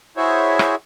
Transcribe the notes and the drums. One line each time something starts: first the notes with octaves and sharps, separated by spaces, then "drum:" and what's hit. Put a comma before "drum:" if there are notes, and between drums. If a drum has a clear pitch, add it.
E4 F#4 G#4 C5 C#5 E5
drum: rim click